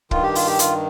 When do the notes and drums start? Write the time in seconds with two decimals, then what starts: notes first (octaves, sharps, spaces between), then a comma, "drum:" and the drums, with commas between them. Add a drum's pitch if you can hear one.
0.11 G2 D#3 F4, drum: kick
0.23 G4
0.35 F4, drum: open hi-hat
0.47 G4
0.59 F4, drum: hi-hat